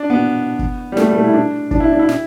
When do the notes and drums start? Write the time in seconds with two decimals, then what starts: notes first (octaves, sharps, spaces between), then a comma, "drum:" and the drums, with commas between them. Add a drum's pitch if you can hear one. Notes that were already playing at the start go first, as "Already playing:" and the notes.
Already playing: D4
0.10 B3
0.59 drum: kick
0.92 G3
0.97 A3, drum: snare
1.06 G3
1.15 A3
1.24 E4
1.34 D4
1.71 D4, drum: kick
1.80 E4
1.92 D4
1.99 E4
2.09 drum: snare